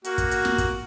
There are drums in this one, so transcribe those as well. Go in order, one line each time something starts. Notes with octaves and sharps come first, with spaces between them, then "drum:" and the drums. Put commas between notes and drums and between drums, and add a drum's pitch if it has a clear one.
A#3 F#4, drum: hi-hat
drum: kick, hi-hat
drum: hi-hat
drum: snare
drum: kick, hi-hat